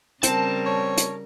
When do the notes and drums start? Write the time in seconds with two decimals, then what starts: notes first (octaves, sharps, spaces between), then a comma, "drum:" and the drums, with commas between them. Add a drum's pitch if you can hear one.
0.23 C#3 G3 C4 A#4 A5, drum: hi-hat
0.66 C#5
0.97 drum: hi-hat